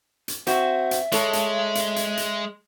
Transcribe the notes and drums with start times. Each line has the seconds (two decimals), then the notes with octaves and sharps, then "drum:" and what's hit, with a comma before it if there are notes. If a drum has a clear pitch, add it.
0.28 drum: hi-hat
0.47 C4 F#4 E5, drum: hi-hat
0.91 drum: hi-hat
1.12 G#3 A4 C#5, drum: hi-hat
1.33 drum: hi-hat
1.75 drum: hi-hat
1.96 drum: hi-hat
2.17 drum: hi-hat